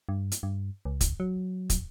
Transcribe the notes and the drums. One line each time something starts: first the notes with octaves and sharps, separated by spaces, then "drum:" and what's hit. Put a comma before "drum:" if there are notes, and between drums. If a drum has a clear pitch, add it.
G2
drum: hi-hat
G2
C#2
drum: kick, hi-hat
F#3
drum: kick, hi-hat